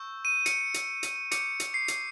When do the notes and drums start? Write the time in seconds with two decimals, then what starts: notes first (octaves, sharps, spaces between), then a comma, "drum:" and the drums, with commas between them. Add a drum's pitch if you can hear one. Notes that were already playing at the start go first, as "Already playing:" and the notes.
Already playing: C#6 E6 G6
0.25 D#7
0.46 C#7, drum: hi-hat
0.74 drum: hi-hat
1.03 drum: hi-hat
1.31 D6 G6 C#7, drum: hi-hat
1.60 drum: hi-hat
1.74 C7
1.88 drum: hi-hat